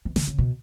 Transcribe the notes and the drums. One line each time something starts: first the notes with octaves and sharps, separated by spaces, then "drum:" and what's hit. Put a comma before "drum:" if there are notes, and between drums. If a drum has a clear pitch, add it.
E3
D3, drum: snare
C#3
B2